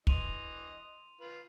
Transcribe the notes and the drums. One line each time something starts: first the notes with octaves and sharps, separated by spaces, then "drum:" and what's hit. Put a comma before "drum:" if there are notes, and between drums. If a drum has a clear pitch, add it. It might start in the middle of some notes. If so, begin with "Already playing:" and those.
E3 D#5 C6 D#7 F7, drum: kick
F4 B4